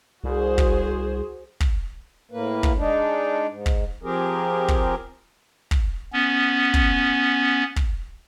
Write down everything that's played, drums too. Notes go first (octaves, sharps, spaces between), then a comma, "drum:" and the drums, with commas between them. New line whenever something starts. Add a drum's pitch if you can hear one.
C2 F#4 G#4 C5
drum: kick
drum: kick
A2 A#3 B4
drum: kick
G#3 D4 D#4
G#2
drum: kick
F3 C4 G4 G#4 A#4
drum: kick
drum: kick
B3 C#4
drum: kick
drum: kick